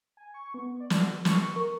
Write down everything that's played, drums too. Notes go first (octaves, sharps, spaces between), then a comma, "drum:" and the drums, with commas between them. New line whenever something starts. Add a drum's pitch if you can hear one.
G#5
C#6
B3
D5
drum: snare
F#4
C#6, drum: snare
A#4